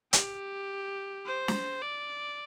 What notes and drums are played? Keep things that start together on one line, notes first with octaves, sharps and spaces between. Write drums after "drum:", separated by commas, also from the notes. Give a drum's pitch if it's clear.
G4, drum: hi-hat
C5
drum: snare
D5